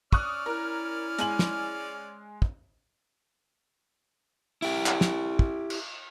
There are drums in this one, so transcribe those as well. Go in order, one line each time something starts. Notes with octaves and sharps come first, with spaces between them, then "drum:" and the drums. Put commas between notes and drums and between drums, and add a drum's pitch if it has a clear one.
C#4 D5 C#6 D#6 F6 F#6, drum: kick
E4 A#4
G#3 G#5 F#7, drum: hi-hat
drum: snare
drum: kick
E4 G4, drum: open hi-hat
drum: clap
drum: snare
drum: kick
drum: cymbal